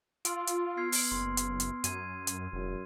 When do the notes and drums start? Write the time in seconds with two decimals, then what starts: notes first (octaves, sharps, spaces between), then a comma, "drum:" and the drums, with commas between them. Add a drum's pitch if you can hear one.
0.25 F4 C6 E6 D7, drum: hi-hat
0.47 drum: hi-hat
0.77 B3 F6 G#6 C7
0.92 drum: open hi-hat
1.12 F#1 C6
1.37 drum: hi-hat
1.60 drum: hi-hat
1.84 F#2 G#6 D#7, drum: hi-hat
2.27 drum: hi-hat
2.53 E1 F#2